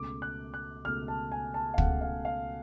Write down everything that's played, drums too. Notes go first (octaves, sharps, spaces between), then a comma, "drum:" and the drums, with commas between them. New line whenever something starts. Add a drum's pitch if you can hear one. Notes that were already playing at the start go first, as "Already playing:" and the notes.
Already playing: C#2 B2 A3 D6
F#6
F#6
C#2 B2 A3 F6
A5
G#5
A5
F5
C#2 B2 A3 F#5, drum: kick
F5
F5